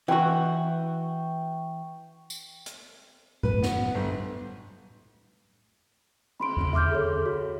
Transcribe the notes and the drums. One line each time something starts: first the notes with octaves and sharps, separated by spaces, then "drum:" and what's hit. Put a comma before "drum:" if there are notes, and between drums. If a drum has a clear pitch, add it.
E3 F#4 G5 C#6
drum: tambourine
drum: hi-hat
B4, drum: tom A2
B3, drum: snare
G1
B5 C6 D7, drum: cymbal
drum: tom
E5 C6 D6 F6 G6, drum: tom
G#4 A4 C#5
F#4